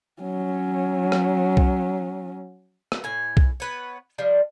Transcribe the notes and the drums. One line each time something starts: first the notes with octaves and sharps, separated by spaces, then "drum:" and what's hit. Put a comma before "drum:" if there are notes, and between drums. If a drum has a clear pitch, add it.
F#3 C#4
drum: rim click
drum: kick B1
drum: rim click
A2 G#5
drum: kick B1
B3 B4 C#5
F3 G3 D4